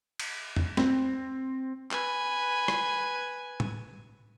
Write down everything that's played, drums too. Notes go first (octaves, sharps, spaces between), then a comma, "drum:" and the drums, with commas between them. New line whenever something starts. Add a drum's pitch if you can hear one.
drum: cymbal
drum: tom E2
C4, drum: snare
B4 G#5, drum: clap
drum: rim click
drum: tom A2